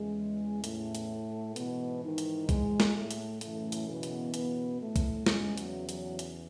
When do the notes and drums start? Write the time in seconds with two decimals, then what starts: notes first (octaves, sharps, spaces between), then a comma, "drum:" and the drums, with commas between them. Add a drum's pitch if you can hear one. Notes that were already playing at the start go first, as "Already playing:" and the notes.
Already playing: E2 C#3 E3 G#3
0.64 A2 A3, drum: hi-hat
0.95 drum: hi-hat
1.56 G#2 B2 E3 B3, drum: hi-hat
2.03 D#3 D#4
2.18 drum: hi-hat
2.49 G#3, drum: kick, hi-hat
2.80 drum: snare
2.95 A2 A3
3.11 drum: hi-hat
3.41 F#2 A2 C#3 E3 A3, drum: hi-hat
3.72 drum: hi-hat
3.88 B2 B3
4.03 drum: hi-hat
4.34 B2 B3, drum: hi-hat
4.80 A2 A3
4.96 drum: kick, hi-hat
5.26 E2 C#3 E3 G#3, drum: snare
5.58 F#3, drum: hi-hat
5.89 F#3, drum: hi-hat
6.19 drum: hi-hat